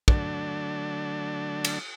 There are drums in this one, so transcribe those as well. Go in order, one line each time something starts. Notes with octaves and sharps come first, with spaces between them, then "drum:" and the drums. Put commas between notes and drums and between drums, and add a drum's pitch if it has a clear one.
D3 F#3 A3 D4, drum: kick
drum: cymbal